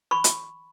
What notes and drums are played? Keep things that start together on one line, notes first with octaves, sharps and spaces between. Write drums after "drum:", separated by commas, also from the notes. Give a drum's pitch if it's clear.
B5 C#6
drum: hi-hat